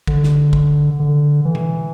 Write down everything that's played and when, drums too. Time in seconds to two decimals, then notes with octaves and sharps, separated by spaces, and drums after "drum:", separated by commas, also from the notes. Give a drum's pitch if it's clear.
0.07 D3, drum: kick
0.24 drum: snare
0.53 drum: kick
1.00 D3
1.45 E3
1.55 drum: tom B2